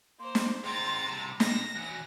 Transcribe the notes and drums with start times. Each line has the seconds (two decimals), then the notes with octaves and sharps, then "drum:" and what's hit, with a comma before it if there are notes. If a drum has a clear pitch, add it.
0.20 A#3 C5 C6
0.35 drum: snare
0.64 G#3 C4 A#5 A6
1.08 G2 C3
1.40 E5 G5 A#6, drum: snare
1.76 E3 F#4